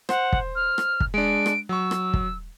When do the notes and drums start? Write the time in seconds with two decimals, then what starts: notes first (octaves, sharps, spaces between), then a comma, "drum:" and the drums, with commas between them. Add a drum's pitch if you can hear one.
0.09 C5 F#5, drum: rim click
0.33 drum: kick
0.55 F6
0.78 drum: rim click
1.00 drum: kick
1.14 G#3 D4 D7
1.46 drum: rim click
1.69 F#3 C#6 E6
1.91 drum: rim click
2.14 drum: kick